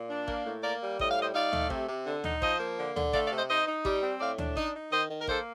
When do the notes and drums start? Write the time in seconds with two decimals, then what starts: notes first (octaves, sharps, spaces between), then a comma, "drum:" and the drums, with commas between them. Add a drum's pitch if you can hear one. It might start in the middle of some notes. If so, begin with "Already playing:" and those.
Already playing: A#2
0.10 D4
0.28 A#3, drum: kick A1
0.46 A2
0.63 A#3 A#4 D5
0.82 G3
0.99 A2 D#5, drum: kick A1
1.11 F5
1.17 G3 C5 D#5
1.35 D#4 D5 F5
1.53 A3, drum: tom D2
1.70 C3, drum: kick A1
1.89 C3
2.06 D3
2.24 D#4, drum: tom D2
2.42 F3 C5 D#5, drum: kick A1
2.60 A#3
2.78 D3
2.96 D3, drum: tom D2
3.13 A3 D5 F5, drum: kick A1
3.26 D5 F5
3.31 C3
3.37 C5 D#5
3.50 D#4 C5 D#5
3.67 D#4
3.85 G3, drum: kick A1
4.02 C4
4.21 A2 D5 F5
4.38 D4, drum: tom D2
4.57 D#4, drum: kick A1
4.74 D#4
4.92 D#3 C5 D#5
5.10 D#3
5.21 A#4
5.27 A#3 A4 C5, drum: kick A1